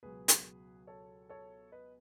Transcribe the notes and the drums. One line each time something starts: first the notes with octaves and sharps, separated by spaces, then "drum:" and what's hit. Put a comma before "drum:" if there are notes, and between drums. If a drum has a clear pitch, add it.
C#2 B2 F#3 G#4 B4
drum: hi-hat
A4 C#5
A4 C#5
B4 D#5